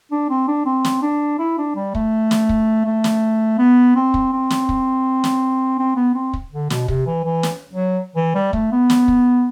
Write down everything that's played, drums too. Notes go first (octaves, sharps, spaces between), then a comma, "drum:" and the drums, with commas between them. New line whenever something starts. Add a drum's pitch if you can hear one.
D4
C4
D4
C4
drum: snare
D4
E4
D4
G3
A3, drum: kick
drum: snare
drum: kick
A3
drum: snare
B3
C4
drum: kick
C4
drum: snare
drum: kick
drum: snare
C4
B3
C4
drum: kick
D3
B2, drum: snare
C3, drum: kick
E3
E3
drum: snare
F#3
E3
G3
A3, drum: kick
B3
drum: snare
drum: kick